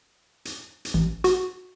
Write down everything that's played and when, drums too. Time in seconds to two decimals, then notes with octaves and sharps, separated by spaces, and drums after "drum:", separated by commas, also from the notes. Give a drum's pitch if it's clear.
0.45 drum: hi-hat
0.85 drum: hi-hat
0.94 A1
1.24 F#4, drum: hi-hat